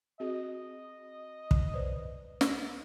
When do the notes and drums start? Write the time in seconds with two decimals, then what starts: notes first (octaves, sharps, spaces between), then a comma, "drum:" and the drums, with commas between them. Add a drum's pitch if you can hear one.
0.20 C4 F#4 G#4 D#5
1.51 drum: kick
1.73 B4 C5 D5
2.41 drum: snare